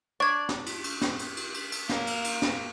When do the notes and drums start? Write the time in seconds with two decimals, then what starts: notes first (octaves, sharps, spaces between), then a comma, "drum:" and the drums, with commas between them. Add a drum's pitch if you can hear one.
0.20 D4 D5 C#6 G#6
0.49 drum: snare
0.66 drum: cymbal
0.84 drum: cymbal
1.02 drum: snare
1.19 drum: cymbal
1.37 drum: cymbal
1.54 drum: cymbal
1.72 drum: cymbal
1.89 A#3, drum: snare
2.07 drum: cymbal
2.24 drum: cymbal
2.42 drum: snare